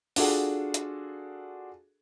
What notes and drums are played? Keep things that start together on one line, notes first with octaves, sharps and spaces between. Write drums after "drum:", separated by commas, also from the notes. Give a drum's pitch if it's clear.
D4 F4 F#4 G#4 A4, drum: open hi-hat
drum: hi-hat